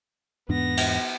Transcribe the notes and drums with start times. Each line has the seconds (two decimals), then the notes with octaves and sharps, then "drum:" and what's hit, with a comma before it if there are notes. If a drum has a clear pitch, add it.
0.49 E2 G#2 B3 D4 A#6
0.77 drum: cymbal